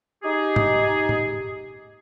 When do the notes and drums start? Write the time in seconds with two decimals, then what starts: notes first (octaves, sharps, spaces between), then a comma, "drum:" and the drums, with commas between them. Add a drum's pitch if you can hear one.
0.23 D#4 G4 G#4
0.56 drum: tom G#2
1.09 drum: tom A2